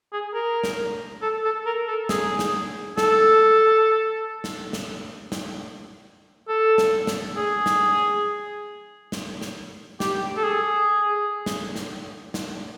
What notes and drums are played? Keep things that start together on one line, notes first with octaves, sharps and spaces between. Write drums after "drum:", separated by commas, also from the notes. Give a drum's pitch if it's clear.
G#4
A#4
drum: snare
A4
A4
A#4
A4
G#4, drum: snare
drum: snare
A4, drum: snare
drum: snare
drum: snare
drum: snare
A4
drum: snare
drum: snare
G#4
drum: snare
drum: snare
drum: snare
G4, drum: snare
A4
G#4
drum: snare
drum: snare
drum: snare